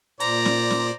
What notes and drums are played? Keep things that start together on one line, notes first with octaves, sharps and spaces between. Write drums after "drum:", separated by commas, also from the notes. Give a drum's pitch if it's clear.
A#2 C5 D5 A#5, drum: hi-hat
drum: snare C#4
drum: snare C#4